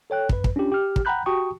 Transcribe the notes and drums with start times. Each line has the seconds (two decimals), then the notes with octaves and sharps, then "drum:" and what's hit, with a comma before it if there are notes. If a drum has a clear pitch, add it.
0.10 A4 C#5 G5 F#6
0.29 F#2 B4, drum: kick
0.44 drum: kick
0.56 C#4 D4 F4 G4
0.72 G4 F6
0.96 drum: kick
1.05 F#5 G5 A#5 B5 F#6 G6
1.26 F#4 G4 G5 A5 C#6 D#6